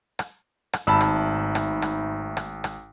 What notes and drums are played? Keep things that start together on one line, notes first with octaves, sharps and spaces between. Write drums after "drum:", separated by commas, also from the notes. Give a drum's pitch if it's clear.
drum: rim click
drum: rim click
G#1 G#2 A3 D#4 A5 B5 E6
drum: rim click
drum: rim click
drum: rim click
drum: rim click
drum: rim click